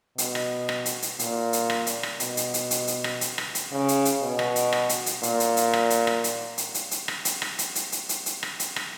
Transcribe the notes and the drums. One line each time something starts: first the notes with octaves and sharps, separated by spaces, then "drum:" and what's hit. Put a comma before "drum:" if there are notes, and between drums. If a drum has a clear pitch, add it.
B2, drum: hi-hat
drum: rim click
drum: rim click
drum: hi-hat
drum: hi-hat
A#2, drum: hi-hat
drum: hi-hat
drum: rim click
drum: hi-hat
drum: rim click
B2, drum: hi-hat
drum: hi-hat
drum: hi-hat
drum: hi-hat
drum: hi-hat
drum: rim click
drum: hi-hat
drum: rim click
drum: hi-hat
C#3
drum: hi-hat
drum: hi-hat
B2
drum: rim click
drum: hi-hat
drum: rim click
drum: hi-hat
drum: hi-hat
A#2, drum: hi-hat
drum: hi-hat
drum: hi-hat
drum: rim click
drum: hi-hat
drum: rim click
drum: hi-hat
drum: hi-hat
drum: hi-hat
drum: hi-hat
drum: rim click
drum: hi-hat
drum: rim click
drum: hi-hat
drum: hi-hat
drum: hi-hat
drum: hi-hat
drum: hi-hat
drum: rim click
drum: hi-hat
drum: rim click